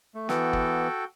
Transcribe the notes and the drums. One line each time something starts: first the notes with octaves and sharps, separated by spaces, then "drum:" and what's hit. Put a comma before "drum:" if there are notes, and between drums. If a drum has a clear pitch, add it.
A3
E3 B3 F#4 A4 G5, drum: snare
drum: kick